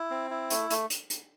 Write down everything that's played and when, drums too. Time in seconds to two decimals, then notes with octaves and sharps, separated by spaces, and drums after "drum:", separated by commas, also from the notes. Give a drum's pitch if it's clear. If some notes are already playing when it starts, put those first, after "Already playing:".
Already playing: E4
0.10 C4
0.30 E4
0.50 A3, drum: hi-hat
0.70 A3, drum: hi-hat
0.90 drum: hi-hat
1.10 drum: hi-hat